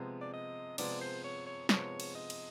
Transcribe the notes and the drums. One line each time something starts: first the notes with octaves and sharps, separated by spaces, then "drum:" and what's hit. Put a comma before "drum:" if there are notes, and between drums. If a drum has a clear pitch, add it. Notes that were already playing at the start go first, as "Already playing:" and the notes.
Already playing: C3 F3 G#3 B3
D5
D#5
C3 F3 G#3 B3 D5, drum: cymbal
C5
C#5
C#5
C3 F3 G#3 B3 C#5, drum: snare
drum: cymbal
D#5
drum: cymbal